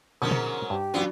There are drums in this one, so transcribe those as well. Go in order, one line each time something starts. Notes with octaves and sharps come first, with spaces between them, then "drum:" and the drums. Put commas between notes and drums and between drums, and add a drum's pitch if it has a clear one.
G#2 B2 D3 F3 F#3 C#4 A#4 D#6
drum: tom A#2
G2 G4
E3 F#3 B3 D4 F4